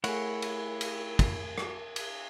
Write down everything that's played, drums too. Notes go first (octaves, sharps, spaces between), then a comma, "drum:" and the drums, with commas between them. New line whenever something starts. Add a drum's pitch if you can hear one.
A3 E4 G#4 A#4 C#5 F#5, drum: cymbal
drum: cymbal
drum: cymbal
drum: kick, cymbal
drum: rim click
drum: cymbal